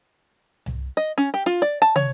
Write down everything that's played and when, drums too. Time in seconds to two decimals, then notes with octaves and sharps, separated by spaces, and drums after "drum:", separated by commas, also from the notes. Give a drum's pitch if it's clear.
0.66 drum: tom C2
0.97 D#5
1.18 C#4
1.34 G4
1.46 F4
1.62 D5
1.82 A5
1.96 C#5, drum: tom